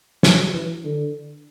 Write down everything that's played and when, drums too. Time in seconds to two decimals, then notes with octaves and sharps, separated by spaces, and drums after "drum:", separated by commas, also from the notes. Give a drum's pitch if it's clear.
0.23 F#3, drum: snare
0.54 E3
0.85 D3